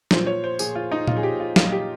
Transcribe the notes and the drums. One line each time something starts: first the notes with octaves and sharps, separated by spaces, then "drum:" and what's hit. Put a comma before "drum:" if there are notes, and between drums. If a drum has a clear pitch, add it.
A#2 F3 C5, drum: snare
C#5
C5
A#2 F3 G#4, drum: tambourine
F4
D#4
A#2 F3 F4, drum: tom A#2
G#4
G4
F4
A#2 F3 F4, drum: snare
G4